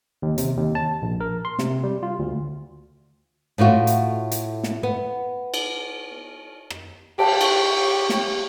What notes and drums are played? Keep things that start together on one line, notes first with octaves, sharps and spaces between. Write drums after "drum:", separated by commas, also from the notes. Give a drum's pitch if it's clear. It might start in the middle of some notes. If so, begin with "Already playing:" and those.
D#2
C3, drum: hi-hat
D#2
A5
A#1
A#4
C6
C3, drum: snare
G3
F4
D2
A2 A3 F4 F#4
drum: hi-hat
drum: hi-hat
drum: snare
B3
drum: cymbal
drum: rim click
G4 A5, drum: cymbal
C#6, drum: cymbal
drum: snare